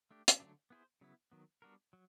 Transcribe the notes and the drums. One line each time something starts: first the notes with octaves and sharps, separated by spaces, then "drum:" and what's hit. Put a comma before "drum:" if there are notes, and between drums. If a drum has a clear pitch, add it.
A3 D4 G4
drum: hi-hat
D3 F#3 A3 D4
B3 E4 G#4 C5
C#3 F#3 B3 E4
D#3 F#3 B3
G3 B3 D4 F#4 A#4
F#3